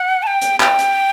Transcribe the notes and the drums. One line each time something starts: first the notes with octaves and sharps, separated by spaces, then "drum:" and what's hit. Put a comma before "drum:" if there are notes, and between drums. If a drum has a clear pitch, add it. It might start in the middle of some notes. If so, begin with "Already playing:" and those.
Already playing: F#5
A5
G5
drum: hi-hat
G5, drum: clap
drum: hi-hat